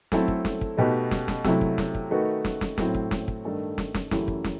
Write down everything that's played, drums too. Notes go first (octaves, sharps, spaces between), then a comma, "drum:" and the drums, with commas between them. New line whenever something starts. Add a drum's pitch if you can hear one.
F#3 A3 C4 E4 A4, drum: snare
drum: kick
drum: snare
drum: kick
B2 A3 D#4 G4 B4
drum: snare
drum: snare
C3 F#3 A3 E4, drum: snare
drum: kick
drum: snare
drum: kick
D#3 A3 D#4 F#4 B4
drum: snare
drum: snare
A2 F#3 A3 C4 E4, drum: snare
drum: kick
drum: snare
drum: kick
G2 D#3 A3 D#4 A4
drum: snare
drum: snare
F#2 E3 A3 E4 G4, drum: snare
drum: kick
drum: snare